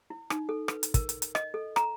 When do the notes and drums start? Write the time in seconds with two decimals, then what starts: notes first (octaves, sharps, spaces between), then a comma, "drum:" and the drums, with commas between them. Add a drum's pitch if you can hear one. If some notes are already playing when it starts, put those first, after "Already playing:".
0.10 E4
0.30 D#4, drum: rim click
0.49 A4
0.68 B4, drum: rim click
0.83 drum: hi-hat
0.94 A#4, drum: kick, hi-hat
1.09 drum: hi-hat
1.22 drum: hi-hat
1.35 D#5, drum: rim click
1.54 A4
1.76 A#5, drum: rim click